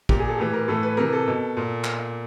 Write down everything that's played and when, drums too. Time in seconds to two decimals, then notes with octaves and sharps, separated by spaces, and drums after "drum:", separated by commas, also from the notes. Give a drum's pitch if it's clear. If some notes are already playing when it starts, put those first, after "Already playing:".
0.09 A#2 G4, drum: kick
0.19 G#4
0.29 A4
0.38 A2 E3 G4
0.53 A#4
0.68 A2 E3 A4
0.83 B4
0.97 C3 E3 A#4
1.13 A4
1.27 B2
1.57 A#2
1.84 drum: clap